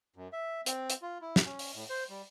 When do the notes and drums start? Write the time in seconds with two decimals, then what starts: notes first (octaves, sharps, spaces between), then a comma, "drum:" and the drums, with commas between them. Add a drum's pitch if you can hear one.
0.16 F#2
0.33 E5
0.66 C4, drum: hi-hat
0.90 drum: hi-hat
1.02 F4
1.21 E4
1.36 drum: snare
1.46 C#4
1.59 drum: open hi-hat
1.75 A2
1.90 C5
2.10 G3